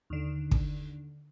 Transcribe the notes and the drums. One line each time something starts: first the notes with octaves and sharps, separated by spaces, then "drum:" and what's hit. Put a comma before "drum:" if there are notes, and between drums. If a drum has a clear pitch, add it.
D#2 D3
drum: kick